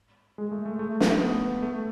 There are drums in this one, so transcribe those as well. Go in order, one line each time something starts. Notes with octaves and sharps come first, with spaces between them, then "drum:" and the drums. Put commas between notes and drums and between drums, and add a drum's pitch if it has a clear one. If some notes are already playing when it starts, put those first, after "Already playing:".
G#3
A3
A3
A3
A3, drum: snare
B3
A3